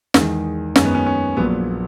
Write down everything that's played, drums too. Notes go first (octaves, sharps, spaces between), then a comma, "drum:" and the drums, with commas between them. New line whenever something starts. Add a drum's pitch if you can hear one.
E2 D#3 G#3, drum: snare
F#2 D#3 G#3 C#4, drum: snare
B3
C#4
C#4
A#1 A#2 F#3 B3